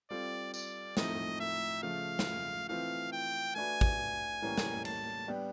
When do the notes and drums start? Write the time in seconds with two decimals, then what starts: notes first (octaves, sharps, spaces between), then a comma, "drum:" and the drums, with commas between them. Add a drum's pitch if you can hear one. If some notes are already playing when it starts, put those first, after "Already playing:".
0.10 G3 C4 F4 A4 D5
0.54 D5, drum: tambourine
0.97 A2 F3 A3 C4 D#4 D#5, drum: snare
1.40 E5
1.83 C#3 F3 A3 F5
2.19 drum: snare
2.69 E3 A3 C4 F4 F5
3.13 G5
3.55 A3 D4 F#4 B4 G#5
3.81 drum: kick
4.42 A2 E3 G3 A#3 C#4
4.57 drum: snare
4.85 A5, drum: cymbal
5.28 G3 B3 D4 G4